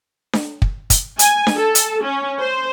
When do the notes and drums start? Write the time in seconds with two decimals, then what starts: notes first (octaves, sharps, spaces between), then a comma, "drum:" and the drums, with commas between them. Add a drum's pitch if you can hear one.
0.33 drum: snare D4
0.62 drum: kick
0.90 drum: kick, hi-hat
1.19 G#5, drum: hi-hat
1.47 drum: snare D4
1.56 A4
1.75 drum: hi-hat
2.03 C#4
2.40 C5